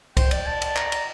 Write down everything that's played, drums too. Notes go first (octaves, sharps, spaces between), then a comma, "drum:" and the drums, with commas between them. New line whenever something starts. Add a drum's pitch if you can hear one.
C5 G5, drum: kick C2, cymbal
D5, drum: cymbal
A5
drum: cymbal
A#5, drum: clap
drum: cymbal